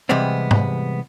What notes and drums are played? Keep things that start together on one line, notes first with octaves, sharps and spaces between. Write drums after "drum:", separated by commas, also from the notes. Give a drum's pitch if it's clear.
C3 E3 G3 G#3 B3 C4
drum: tom G#2